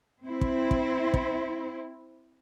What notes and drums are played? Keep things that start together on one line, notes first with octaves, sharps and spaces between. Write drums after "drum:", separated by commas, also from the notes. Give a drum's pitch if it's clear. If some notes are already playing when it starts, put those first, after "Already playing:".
C4 E4 C5
drum: kick
drum: kick
drum: kick